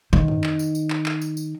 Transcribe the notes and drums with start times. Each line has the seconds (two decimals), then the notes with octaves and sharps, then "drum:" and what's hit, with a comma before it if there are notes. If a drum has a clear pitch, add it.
0.13 D#3
0.28 drum: tom
0.44 drum: clap
0.59 drum: tambourine
0.75 drum: tambourine
0.90 drum: clap
1.06 drum: clap
1.21 drum: tambourine
1.37 drum: tambourine